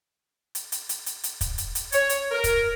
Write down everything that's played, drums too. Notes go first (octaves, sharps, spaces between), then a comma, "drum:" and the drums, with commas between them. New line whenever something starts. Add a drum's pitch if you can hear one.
drum: hi-hat
drum: hi-hat
drum: hi-hat
drum: hi-hat
drum: hi-hat
drum: kick, hi-hat
drum: hi-hat
drum: hi-hat
C#5, drum: hi-hat
drum: hi-hat
A#4
drum: kick, hi-hat